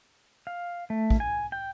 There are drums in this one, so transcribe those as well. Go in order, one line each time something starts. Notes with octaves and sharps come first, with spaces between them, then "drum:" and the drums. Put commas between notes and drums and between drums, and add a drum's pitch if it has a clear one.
F5
A3
drum: kick
G#5
G5